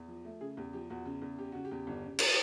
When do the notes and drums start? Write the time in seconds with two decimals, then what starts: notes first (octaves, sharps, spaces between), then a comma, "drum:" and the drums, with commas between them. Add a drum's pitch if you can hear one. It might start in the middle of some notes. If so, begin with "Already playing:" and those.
Already playing: E2
0.08 F3
0.25 A3
0.41 C#3 G#4
0.57 E2 G4
0.73 F3 G4
0.90 E2 F#4
1.06 C#3
1.22 E2
1.38 C#3 G4
1.52 C#3 F#4
1.65 G4
1.71 E2
1.87 G1
2.04 C#3
2.19 drum: cymbal